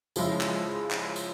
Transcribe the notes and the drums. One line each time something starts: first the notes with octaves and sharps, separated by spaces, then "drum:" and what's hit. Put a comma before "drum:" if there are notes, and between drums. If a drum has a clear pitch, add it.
C#3 F3 G#3 E4, drum: tambourine
drum: clap
drum: clap
drum: tambourine